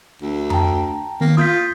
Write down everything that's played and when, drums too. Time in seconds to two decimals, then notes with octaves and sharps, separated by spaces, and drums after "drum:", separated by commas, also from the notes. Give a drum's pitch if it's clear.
0.22 D2
0.50 G5 A5 A#5, drum: tom F2
1.21 D#3 A#3 B3
1.37 F4 D#6 G6 B6